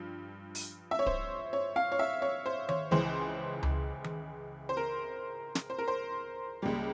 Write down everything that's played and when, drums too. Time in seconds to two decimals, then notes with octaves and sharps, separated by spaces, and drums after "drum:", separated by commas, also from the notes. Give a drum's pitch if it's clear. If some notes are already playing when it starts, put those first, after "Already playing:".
Already playing: G2 F3
0.55 drum: open hi-hat
0.91 E5
0.99 C#5
1.06 C5, drum: kick D1
1.53 C#5
1.76 F5
1.92 C#5
1.99 E5
2.22 C#5
2.46 C5
2.69 C#5, drum: tom D#3
2.91 C#2 C#3 E3 C5
3.63 drum: tom C#2
4.04 drum: tom D#3
4.69 C5
4.77 A#4
5.55 drum: snare
5.70 C5
5.78 A#4
5.88 C5
6.62 C#2 C#3 G3 A#3